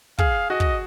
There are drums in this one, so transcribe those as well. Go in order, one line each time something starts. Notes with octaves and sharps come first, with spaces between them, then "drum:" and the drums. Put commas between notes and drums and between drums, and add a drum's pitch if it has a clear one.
G#4 F5, drum: kick
F#4 D#5
drum: kick